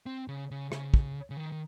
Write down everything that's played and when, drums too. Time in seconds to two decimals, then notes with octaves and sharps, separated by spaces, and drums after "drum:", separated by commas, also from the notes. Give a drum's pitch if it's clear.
0.06 C4
0.28 C#3
0.51 C#3
0.72 C#3, drum: rim click
0.94 drum: kick
1.30 C#3
1.37 D#3
1.52 D#3